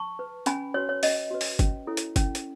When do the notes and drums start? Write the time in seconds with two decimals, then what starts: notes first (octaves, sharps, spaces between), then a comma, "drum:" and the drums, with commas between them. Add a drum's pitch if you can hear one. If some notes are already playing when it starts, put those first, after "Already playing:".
Already playing: A5 C#6
0.19 B4
0.46 C#4 G#5 B5, drum: hi-hat
0.74 F#4 B4 C#5
0.89 C#5
1.03 C#4 D#5, drum: open hi-hat
1.31 F#4 B4
1.41 drum: open hi-hat
1.59 C#4, drum: kick, hi-hat
1.87 E4 A4 C#5
1.97 drum: hi-hat
2.16 C#4, drum: kick, hi-hat
2.35 drum: hi-hat